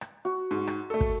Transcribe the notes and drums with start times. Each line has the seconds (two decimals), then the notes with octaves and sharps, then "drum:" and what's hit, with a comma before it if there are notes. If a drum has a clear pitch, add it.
0.01 drum: rim click
0.25 F#4
0.51 G#2
0.67 drum: rim click
0.90 A3 A4
1.00 drum: kick